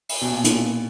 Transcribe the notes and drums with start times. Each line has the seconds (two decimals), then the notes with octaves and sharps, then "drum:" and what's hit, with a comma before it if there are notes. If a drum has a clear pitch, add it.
0.09 drum: open hi-hat
0.21 B2
0.33 A#2
0.44 B2, drum: hi-hat